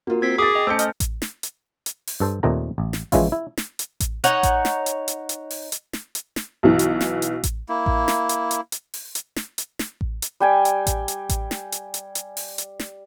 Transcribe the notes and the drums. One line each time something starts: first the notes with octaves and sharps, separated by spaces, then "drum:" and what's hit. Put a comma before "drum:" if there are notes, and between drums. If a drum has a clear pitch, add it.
A#3 F4 F#4 A#4
C4 G#6 B6
G#4 D6 D#6 A6
D#5 G5
A3 C#4 A4 C5 A5 E6 G6 C#7
D#5 F6, drum: hi-hat
drum: kick A1, hi-hat
drum: snare
drum: hi-hat
drum: hi-hat
drum: open hi-hat
G2 A4 C5
D#2 A#2 A3 C4 D#4 A#5
A1
drum: snare
E3 F3 G#3 C#4 E4 F4, drum: kick A1, open hi-hat
E4
drum: snare
drum: hi-hat
drum: kick A1, hi-hat
D#4 C#5 F#5, drum: hi-hat
drum: kick A1, hi-hat
drum: snare
drum: hi-hat
drum: hi-hat
drum: hi-hat
drum: open hi-hat
drum: hi-hat
drum: snare
drum: hi-hat
drum: snare
B1 B2 E3
drum: hi-hat
drum: snare
drum: hi-hat
drum: kick A1, hi-hat
A#3 E4
drum: kick A1
drum: snare
drum: hi-hat
drum: hi-hat
drum: hi-hat
drum: open hi-hat
drum: hi-hat
drum: snare
drum: hi-hat
drum: snare
drum: kick A1
drum: hi-hat
G3 G5 G#5
drum: hi-hat
drum: kick A1, hi-hat
drum: hi-hat
drum: kick A1, hi-hat
drum: snare
drum: hi-hat
drum: hi-hat
drum: hi-hat
drum: open hi-hat
drum: hi-hat
drum: snare